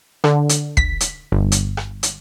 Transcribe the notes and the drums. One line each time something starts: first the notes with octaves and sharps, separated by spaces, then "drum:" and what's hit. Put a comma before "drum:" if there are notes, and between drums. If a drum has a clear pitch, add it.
D3, drum: rim click
drum: hi-hat
B6, drum: kick
drum: hi-hat
G1
drum: hi-hat
drum: rim click
drum: hi-hat